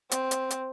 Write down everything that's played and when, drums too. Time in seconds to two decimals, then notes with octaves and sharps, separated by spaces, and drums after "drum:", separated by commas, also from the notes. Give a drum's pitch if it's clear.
0.11 C4, drum: hi-hat
0.31 drum: hi-hat
0.50 drum: hi-hat